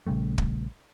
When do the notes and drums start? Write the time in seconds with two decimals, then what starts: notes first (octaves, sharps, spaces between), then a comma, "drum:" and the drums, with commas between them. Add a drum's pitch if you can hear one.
0.07 A#1 C#3 G3 A3
0.38 drum: kick